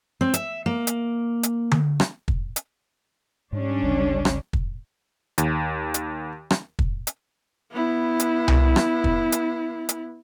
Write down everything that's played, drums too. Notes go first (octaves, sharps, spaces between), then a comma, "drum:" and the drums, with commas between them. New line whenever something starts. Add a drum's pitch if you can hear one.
C4
E5, drum: hi-hat
A#3
drum: hi-hat
drum: hi-hat
drum: tom D3
drum: rim click
drum: kick
drum: hi-hat
G#2 G3 C#4 D4
G#1 D2 C#3
drum: rim click
drum: kick
D#2, drum: hi-hat
drum: hi-hat
drum: rim click
drum: kick
drum: hi-hat
B3 E4
drum: hi-hat
drum: tom C2
drum: rim click
drum: kick
drum: hi-hat
drum: hi-hat